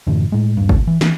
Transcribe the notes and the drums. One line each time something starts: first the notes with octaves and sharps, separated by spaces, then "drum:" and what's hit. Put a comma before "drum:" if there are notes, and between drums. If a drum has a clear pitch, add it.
F#2 A2 D3 E3
A2 G#3
D#1 G2
F1 C2, drum: kick G1
E3
E3, drum: snare